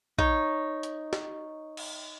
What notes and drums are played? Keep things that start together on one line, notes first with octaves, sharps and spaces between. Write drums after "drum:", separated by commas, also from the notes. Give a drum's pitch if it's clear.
D#4 C#5, drum: kick A#1
drum: hi-hat
drum: snare
drum: cymbal